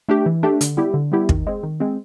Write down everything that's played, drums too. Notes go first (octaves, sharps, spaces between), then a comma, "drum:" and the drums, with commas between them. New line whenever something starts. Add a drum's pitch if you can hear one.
A3 D4 G4
E3
A3 D4 G4
D3, drum: hi-hat
G3 B3 E4 G4
D3
G3 B3 E4 G4
D#3, drum: kick
G#3 C4
D#3
G#3 C4